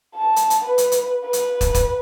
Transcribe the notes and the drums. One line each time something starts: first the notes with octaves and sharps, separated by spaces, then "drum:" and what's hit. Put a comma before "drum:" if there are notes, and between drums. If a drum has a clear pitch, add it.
A5
drum: hi-hat
drum: hi-hat
B4
drum: hi-hat
drum: hi-hat
B4
drum: hi-hat
drum: kick, hi-hat
drum: kick, hi-hat